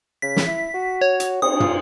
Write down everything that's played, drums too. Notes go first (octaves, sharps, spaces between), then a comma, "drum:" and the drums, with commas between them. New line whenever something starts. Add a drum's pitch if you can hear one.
C#3 B6
drum: snare
E4
F#4
C#5
drum: hi-hat
C4 D#6, drum: cymbal
F4, drum: tom